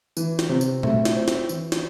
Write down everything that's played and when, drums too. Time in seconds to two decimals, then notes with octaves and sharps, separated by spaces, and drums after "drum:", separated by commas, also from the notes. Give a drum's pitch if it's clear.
0.17 E3, drum: tambourine
0.39 drum: snare
0.49 C3
0.61 drum: tambourine
0.83 A3, drum: tom
1.05 drum: snare
1.16 C4
1.28 drum: snare
1.49 E3, drum: tambourine
1.72 drum: snare